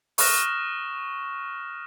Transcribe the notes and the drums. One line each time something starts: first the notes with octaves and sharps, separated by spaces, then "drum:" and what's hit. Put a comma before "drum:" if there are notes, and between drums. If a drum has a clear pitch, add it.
C#6 D#6 F6 F#6 A#6 E7, drum: open hi-hat